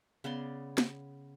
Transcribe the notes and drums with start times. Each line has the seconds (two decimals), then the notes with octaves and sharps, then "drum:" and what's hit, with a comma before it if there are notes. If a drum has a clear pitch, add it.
0.24 C#3 B3 D5 C6
0.78 drum: snare